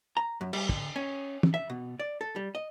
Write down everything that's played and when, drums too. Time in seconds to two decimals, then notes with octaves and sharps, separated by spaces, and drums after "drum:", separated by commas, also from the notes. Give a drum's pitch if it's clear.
0.17 A#5
0.41 F#2
0.53 G3, drum: cymbal
0.69 D3, drum: kick
0.96 C#4
1.43 drum: tom
1.54 E5
1.70 B2
2.00 D5
2.21 A4
2.36 G3
2.55 D#5